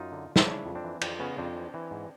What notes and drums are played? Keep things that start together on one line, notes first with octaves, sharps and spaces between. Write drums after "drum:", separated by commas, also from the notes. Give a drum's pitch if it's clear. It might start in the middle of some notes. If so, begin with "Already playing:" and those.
Already playing: F#2 D#4 F4
D3
D3
D#4, drum: snare
C#3 D4 E4
F2
C4 D4
E3
F2 C4 D4, drum: cymbal
C#3 B3 C#4
F2 C4 D4
E3
E3
G#2